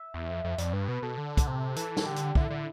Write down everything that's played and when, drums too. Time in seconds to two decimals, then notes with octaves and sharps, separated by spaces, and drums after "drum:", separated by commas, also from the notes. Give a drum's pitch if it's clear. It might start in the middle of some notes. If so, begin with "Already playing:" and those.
Already playing: E5
0.14 E2
0.29 F2
0.44 F2
0.58 F2 D5, drum: hi-hat
0.73 G2 B4
0.88 B2 B4
1.02 B2 A4
1.17 D3
1.37 drum: kick, hi-hat
1.47 C3
1.76 E3 A4, drum: hi-hat
1.97 drum: snare
2.06 D3 G4
2.16 drum: hi-hat
2.35 D3 E4, drum: kick
2.50 D3